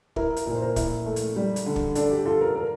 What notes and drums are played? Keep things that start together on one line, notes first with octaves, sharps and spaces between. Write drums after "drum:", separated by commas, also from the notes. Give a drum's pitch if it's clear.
E4 A#4, drum: kick
drum: hi-hat
A#2 A#4
C5
A#4
E4, drum: kick, hi-hat
A3
drum: hi-hat
G3
drum: hi-hat
D3
drum: kick
D4 A4, drum: hi-hat
G4
F4 A4
A#4
A#4